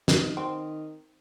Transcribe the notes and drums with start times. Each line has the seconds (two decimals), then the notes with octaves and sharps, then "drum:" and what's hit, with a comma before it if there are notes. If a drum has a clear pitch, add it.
0.08 D#3, drum: snare
0.37 C4